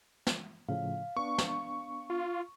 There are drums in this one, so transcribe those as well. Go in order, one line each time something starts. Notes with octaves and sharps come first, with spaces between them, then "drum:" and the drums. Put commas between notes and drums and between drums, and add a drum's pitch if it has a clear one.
drum: snare
A2 C#3 F3 F5
B3 D4 C#6
drum: snare
F4